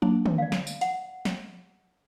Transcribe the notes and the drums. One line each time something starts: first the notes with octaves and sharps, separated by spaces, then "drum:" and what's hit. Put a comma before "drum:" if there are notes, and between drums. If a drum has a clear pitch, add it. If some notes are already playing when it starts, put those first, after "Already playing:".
F#3 A#3 D4
drum: tom
D5 F5
drum: snare
drum: tambourine
F#5, drum: hi-hat
drum: snare